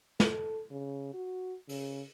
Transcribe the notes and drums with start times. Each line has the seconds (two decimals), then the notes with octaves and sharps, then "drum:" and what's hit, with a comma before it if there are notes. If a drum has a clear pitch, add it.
0.20 A4, drum: snare
0.71 C#3
1.14 F#4
1.69 C#3, drum: open hi-hat